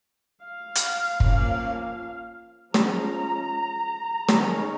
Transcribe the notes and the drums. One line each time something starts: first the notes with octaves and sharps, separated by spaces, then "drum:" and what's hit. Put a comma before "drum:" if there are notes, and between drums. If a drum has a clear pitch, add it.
F5
drum: hi-hat
F3 A#3 C#4, drum: kick
F3 G#3 C#4 A#5, drum: snare
D#3 G#3 C#4, drum: snare